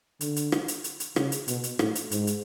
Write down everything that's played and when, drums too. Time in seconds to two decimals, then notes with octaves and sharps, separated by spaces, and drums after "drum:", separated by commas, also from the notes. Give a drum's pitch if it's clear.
0.21 D3, drum: hi-hat
0.36 drum: hi-hat
0.52 drum: rim click
0.68 drum: hi-hat
0.84 drum: hi-hat
1.00 drum: hi-hat
1.16 C#3, drum: rim click
1.32 drum: hi-hat
1.48 B2, drum: hi-hat
1.64 drum: hi-hat
1.79 A2, drum: rim click
1.95 drum: hi-hat
2.11 G#2, drum: hi-hat
2.27 drum: hi-hat